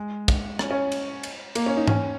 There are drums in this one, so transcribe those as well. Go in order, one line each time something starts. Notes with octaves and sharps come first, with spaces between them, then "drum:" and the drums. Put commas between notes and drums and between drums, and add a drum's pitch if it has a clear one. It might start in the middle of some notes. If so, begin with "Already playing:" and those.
Already playing: G#3
drum: kick, cymbal
C#4, drum: rim click
C#4
drum: cymbal
drum: cymbal
A#3, drum: cymbal
C#4
D#4
C#4, drum: tom G#2